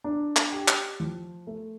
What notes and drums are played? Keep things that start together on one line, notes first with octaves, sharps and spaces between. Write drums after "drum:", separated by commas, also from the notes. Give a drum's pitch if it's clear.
D4
drum: clap
G4
drum: clap
F3
A3